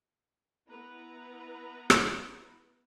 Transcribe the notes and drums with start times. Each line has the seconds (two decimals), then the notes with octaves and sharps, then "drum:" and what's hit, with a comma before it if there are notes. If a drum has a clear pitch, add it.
0.69 B3 E4 B4 A#5
1.90 drum: rim click